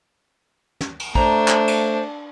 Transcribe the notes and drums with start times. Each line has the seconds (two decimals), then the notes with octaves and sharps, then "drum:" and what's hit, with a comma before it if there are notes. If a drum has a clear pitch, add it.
0.81 drum: snare
0.99 drum: cymbal
1.15 A3 D4 C5 A#5, drum: kick
1.48 drum: clap
1.68 drum: cymbal